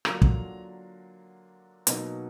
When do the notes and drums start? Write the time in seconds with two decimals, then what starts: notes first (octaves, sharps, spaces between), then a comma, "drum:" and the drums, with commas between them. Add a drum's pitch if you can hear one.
0.05 D3 F#3 A#3 D4 F4 A#5, drum: rim click
0.22 drum: kick
1.87 B2 F#3 A#3 D#4, drum: hi-hat